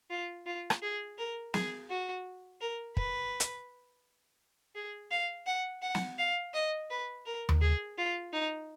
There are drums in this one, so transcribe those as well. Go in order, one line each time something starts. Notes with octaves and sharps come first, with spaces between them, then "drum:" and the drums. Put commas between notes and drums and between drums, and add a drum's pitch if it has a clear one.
F4
F4
drum: rim click
G#4
A#4
G#4, drum: snare
F#4
A#4
B4, drum: kick
drum: hi-hat
G#4
F5
F#5
F#5
drum: snare
F5
D#5
B4
A#4
drum: tom D#2
G#4
F4
D#4